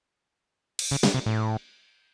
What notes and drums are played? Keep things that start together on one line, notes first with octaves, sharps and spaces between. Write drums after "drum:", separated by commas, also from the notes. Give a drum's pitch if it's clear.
drum: cymbal
C#3
C#3, drum: snare
C3
A2